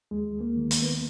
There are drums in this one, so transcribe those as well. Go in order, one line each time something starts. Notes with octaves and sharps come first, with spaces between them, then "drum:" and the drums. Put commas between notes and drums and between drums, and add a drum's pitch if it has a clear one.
D#2 G#3
A#3
D#3
A#3, drum: hi-hat
B3